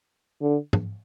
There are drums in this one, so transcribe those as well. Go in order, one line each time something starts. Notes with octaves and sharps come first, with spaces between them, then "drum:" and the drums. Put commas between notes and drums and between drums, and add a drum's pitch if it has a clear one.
D3
drum: tom